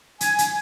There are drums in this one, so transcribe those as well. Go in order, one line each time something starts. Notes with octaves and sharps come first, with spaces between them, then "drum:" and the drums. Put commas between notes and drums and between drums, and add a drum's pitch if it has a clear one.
G#5, drum: hi-hat
drum: hi-hat